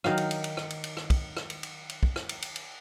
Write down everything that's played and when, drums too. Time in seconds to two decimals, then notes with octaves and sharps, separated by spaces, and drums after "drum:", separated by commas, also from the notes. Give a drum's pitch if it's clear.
0.04 D#3 F#3 F5, drum: rim click
0.17 drum: cymbal
0.31 drum: cymbal
0.44 drum: cymbal
0.57 drum: rim click
0.70 drum: cymbal
0.84 drum: cymbal
0.97 drum: rim click
1.10 drum: kick, cymbal
1.37 drum: rim click
1.50 drum: cymbal
1.63 drum: cymbal
1.89 drum: cymbal
2.03 drum: kick
2.16 drum: rim click
2.29 drum: cymbal
2.42 drum: cymbal
2.56 drum: cymbal